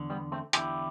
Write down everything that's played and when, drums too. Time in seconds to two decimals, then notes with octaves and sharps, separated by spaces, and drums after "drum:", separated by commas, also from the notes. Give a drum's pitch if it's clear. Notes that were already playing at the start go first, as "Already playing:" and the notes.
Already playing: E2 D3
0.10 G3 B3
0.32 A3 C4
0.53 E2 D3 E4 G4, drum: hi-hat